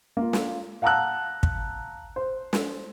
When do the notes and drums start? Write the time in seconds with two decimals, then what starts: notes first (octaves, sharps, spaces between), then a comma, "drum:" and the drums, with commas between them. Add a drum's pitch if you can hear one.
0.17 A#3 F4
0.33 drum: snare
0.82 F5 F#5 A5 A#5 E6 F#6
1.43 drum: kick
2.16 C5
2.53 drum: snare